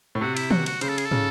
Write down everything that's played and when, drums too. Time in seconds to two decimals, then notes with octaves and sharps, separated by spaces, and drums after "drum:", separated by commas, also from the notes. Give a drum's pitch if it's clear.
0.15 A2
0.21 C3 F#4
0.37 E4, drum: cymbal
0.51 F#4, drum: tom
0.66 F#4, drum: cymbal
0.81 C#3 C5, drum: cymbal
0.89 A4
0.98 G#4, drum: cymbal
1.05 A4
1.11 C#3, drum: tom